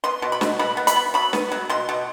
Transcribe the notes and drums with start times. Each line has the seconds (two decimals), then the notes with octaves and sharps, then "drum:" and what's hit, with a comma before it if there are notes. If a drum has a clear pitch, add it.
0.04 B3 C6
0.22 B2
0.32 B5
0.41 B2, drum: snare
0.59 B2 B5
0.77 B3
0.87 B5, drum: hi-hat
0.96 B3
1.14 F#3 B5
1.33 B3, drum: snare
1.52 F#3
1.69 B2 C6
1.89 B2